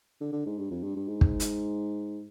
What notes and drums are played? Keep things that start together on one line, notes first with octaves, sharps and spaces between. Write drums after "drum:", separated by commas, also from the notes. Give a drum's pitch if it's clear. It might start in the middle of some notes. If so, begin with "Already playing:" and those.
D3
D3
G#2
G2
F2
G2
G2
G#2
drum: kick
drum: hi-hat